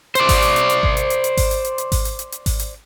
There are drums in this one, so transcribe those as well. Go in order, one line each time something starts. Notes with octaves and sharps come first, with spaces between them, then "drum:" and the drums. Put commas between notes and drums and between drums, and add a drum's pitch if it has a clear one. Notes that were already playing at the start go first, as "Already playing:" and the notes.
C5 D5, drum: hi-hat
drum: kick G#1, open hi-hat
drum: hi-hat
drum: hi-hat
drum: hi-hat
drum: kick G#1
drum: hi-hat
drum: hi-hat
drum: hi-hat
drum: kick G#1, open hi-hat
drum: hi-hat
drum: hi-hat
drum: hi-hat
drum: kick G#1, open hi-hat
drum: hi-hat
drum: hi-hat
drum: hi-hat
drum: kick G#1, open hi-hat
drum: hi-hat